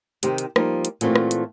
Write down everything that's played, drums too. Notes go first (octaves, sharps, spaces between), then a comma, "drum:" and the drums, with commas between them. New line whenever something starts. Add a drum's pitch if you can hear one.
C3 D#3 G4 A#4 C5, drum: hi-hat
drum: hi-hat
F3 G3 A#3 D#4, drum: rim click
drum: hi-hat
A#2 E3 A3 C4 F4 F#4, drum: hi-hat
drum: rim click
drum: hi-hat